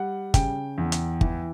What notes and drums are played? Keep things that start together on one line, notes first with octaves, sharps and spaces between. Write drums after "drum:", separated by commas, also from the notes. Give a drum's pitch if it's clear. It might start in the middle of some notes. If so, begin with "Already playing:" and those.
Already playing: G3 F#5
C#3 G5, drum: kick G1, hi-hat
E2
drum: hi-hat
E3, drum: kick G1